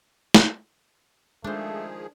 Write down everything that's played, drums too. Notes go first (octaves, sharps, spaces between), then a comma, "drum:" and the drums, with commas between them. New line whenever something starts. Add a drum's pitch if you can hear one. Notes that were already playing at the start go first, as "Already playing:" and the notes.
drum: snare
D#3 F3 G#3 A3 D4 G#4 C5